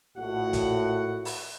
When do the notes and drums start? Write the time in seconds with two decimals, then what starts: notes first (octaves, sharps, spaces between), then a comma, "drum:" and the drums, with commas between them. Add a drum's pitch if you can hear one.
0.17 A#1 A2 F#4 F#5
0.53 drum: kick, hi-hat
1.25 drum: open hi-hat